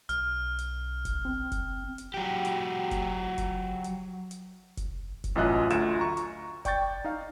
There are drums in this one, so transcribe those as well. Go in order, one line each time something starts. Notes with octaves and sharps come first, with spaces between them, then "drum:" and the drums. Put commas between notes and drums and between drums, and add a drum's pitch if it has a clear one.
B1 F6, drum: hi-hat
drum: hi-hat
drum: kick F1, hi-hat
C4
drum: kick F1, hi-hat
drum: hi-hat
F#3 G4
drum: hi-hat
drum: kick F1, hi-hat
drum: kick F1, hi-hat
drum: hi-hat
drum: hi-hat
drum: kick F1, hi-hat
drum: kick F1, hi-hat
A1 F#2 F4 D#5 E5 F#6
D2 F4 E5 E7, drum: hi-hat
A#5 C#6
drum: hi-hat
D5 G5 C#6 G6 A6, drum: kick F1, hi-hat
D#4 F5